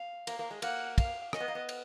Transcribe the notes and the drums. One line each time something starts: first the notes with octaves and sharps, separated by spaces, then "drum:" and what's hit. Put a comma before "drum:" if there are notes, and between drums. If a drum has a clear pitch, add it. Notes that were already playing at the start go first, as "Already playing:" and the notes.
Already playing: F5
A#3, drum: cymbal
A#3
G#3
A#3 F#5, drum: cymbal
F5, drum: kick, cymbal
C#4 D#5, drum: rim click
B3
A#3
B3
drum: cymbal